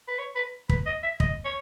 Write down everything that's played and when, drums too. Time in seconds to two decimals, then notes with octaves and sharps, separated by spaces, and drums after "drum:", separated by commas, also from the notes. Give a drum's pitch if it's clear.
0.08 B4
0.19 C#5
0.35 B4
0.69 B4, drum: kick
0.86 D#5
1.03 E5
1.20 D#5, drum: kick
1.45 C#5